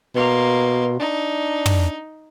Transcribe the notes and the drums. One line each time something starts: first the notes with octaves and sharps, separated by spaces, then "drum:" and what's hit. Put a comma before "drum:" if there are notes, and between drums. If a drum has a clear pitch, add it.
B2 A#3 C6
D4 D#4
drum: tom